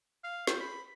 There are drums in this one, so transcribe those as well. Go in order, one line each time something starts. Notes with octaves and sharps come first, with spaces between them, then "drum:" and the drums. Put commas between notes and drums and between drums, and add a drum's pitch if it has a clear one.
F5
C5, drum: snare
B5